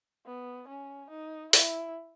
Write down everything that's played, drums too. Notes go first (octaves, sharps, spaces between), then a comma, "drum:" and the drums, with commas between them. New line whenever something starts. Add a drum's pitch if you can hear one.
B3
C#4
D#4
E4, drum: open hi-hat